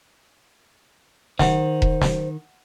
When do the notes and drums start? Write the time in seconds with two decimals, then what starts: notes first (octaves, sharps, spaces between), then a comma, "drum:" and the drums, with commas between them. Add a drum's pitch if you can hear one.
1.39 D#3 C5 E5 F#5, drum: snare
1.82 drum: kick E1
2.02 drum: snare